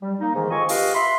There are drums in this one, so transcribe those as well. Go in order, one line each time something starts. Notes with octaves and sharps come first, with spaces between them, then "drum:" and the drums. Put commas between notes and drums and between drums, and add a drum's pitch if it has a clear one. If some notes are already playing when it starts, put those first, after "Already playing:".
G3
A#3 D#4
G#2 D#3 E3
C4 F4 A4 D#5 G#5 C#6
F4 G4 B4 D#5 F5, drum: open hi-hat
E5 B5 C6